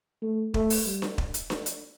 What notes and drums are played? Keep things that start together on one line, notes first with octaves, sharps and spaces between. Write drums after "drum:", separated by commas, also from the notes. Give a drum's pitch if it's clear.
A3
A3, drum: kick
drum: open hi-hat
G3
drum: snare D4
drum: kick
drum: hi-hat
drum: snare D4
drum: hi-hat